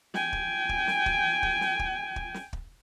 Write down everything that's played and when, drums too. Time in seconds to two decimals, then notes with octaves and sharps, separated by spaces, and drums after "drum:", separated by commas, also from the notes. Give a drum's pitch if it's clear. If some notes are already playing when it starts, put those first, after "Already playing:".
0.14 G5 G#5, drum: snare
0.33 drum: kick
0.69 drum: kick
0.88 drum: snare
1.06 drum: kick
1.43 drum: kick
1.61 drum: snare
1.79 drum: kick
2.16 drum: kick
2.34 drum: snare
2.53 drum: kick